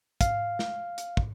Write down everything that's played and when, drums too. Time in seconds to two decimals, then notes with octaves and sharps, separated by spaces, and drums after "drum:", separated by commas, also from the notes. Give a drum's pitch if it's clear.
0.21 F5, drum: kick, hi-hat
0.59 drum: snare
0.98 drum: hi-hat
1.17 drum: kick